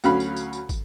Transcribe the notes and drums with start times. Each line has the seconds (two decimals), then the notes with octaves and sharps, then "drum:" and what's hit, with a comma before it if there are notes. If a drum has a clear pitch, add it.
0.04 D2 F#3 C#4 F5 B5, drum: tambourine
0.20 drum: tambourine
0.36 drum: tambourine
0.53 drum: tambourine
0.69 drum: kick, tambourine